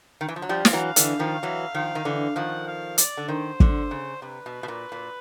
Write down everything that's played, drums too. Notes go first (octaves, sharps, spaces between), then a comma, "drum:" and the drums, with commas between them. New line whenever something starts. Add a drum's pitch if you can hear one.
D#3
E3
F3
F#3
F3 G3 F5
F3, drum: snare
E3 F#3
D3 E3, drum: hi-hat
D#3 F3
E3 F#3
D#3 F3
D#3
D3 E3
D#3 F3 F#5
F5
D5, drum: hi-hat
D3
D#3 C5
D3, drum: kick
C#3
C3 B4
B2
B2
A#2
A#2